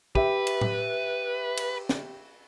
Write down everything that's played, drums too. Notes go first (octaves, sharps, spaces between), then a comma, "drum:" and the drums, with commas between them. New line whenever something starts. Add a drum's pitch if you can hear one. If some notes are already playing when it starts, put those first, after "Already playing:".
G4 B4 E5, drum: kick
drum: cymbal
drum: tom A2
drum: cymbal
drum: snare